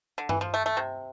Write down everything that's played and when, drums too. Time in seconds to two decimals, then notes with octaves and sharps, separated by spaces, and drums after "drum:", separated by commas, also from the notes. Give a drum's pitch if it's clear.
0.18 D3
0.29 E3, drum: tom G2
0.41 F3
0.54 A3
0.66 A3
0.77 C3